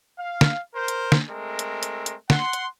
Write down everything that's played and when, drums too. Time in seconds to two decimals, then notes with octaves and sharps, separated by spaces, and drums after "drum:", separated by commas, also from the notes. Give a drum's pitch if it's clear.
0.19 F5
0.41 drum: snare
0.75 A#4 C5
0.88 drum: hi-hat
1.12 drum: snare
1.29 G#3 A3 C4 A#4
1.59 drum: hi-hat
1.83 drum: hi-hat
2.06 drum: hi-hat
2.30 F#5 C6, drum: snare
2.53 drum: hi-hat